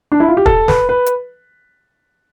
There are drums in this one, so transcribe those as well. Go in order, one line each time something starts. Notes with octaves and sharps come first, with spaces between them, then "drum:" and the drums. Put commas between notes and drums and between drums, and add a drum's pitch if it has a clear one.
D4
E4
F4
G4
A4, drum: kick
B4, drum: snare
B4
drum: hi-hat